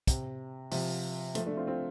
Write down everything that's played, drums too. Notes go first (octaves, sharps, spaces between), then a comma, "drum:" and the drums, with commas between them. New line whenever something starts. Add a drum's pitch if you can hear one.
C3, drum: kick, hi-hat
C3 F3, drum: open hi-hat
F3 A3, drum: hi-hat
A3 D4
C4 F4
C4 F4